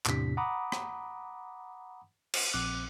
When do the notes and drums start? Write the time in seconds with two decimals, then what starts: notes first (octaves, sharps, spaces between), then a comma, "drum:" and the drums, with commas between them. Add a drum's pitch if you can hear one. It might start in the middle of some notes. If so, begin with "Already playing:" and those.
0.06 E2 A2 C3 D4 B6, drum: clap
0.37 F#5 A#5 B5 D6 D#6
0.72 drum: rim click
2.34 drum: cymbal
2.53 A#1 C4 D6 F#6